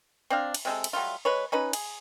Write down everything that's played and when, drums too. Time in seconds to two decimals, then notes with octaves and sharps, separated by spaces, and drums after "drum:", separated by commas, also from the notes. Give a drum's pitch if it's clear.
0.30 C4 D4 F5
0.54 drum: cymbal
0.65 C3 G#3 A4
0.84 drum: cymbal
0.93 F#3 G3 A3 F4
1.25 G#3 B4 C#5
1.52 C#4 D#4 B4
1.73 G#4, drum: cymbal